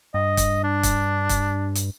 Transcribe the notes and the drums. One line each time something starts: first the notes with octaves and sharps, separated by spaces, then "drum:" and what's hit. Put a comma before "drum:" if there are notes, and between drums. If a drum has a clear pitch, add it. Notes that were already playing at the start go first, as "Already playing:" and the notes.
G2 D#5
drum: kick, hi-hat
D4
drum: kick, hi-hat
drum: kick, hi-hat
drum: hi-hat